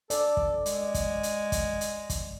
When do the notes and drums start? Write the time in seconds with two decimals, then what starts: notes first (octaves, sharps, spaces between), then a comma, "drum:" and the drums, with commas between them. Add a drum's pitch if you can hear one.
0.10 A4 D5, drum: hi-hat
0.37 drum: kick
0.66 G#3, drum: hi-hat
0.94 drum: kick, hi-hat
1.23 drum: hi-hat
1.52 drum: kick, hi-hat
1.81 drum: hi-hat
2.10 drum: kick, hi-hat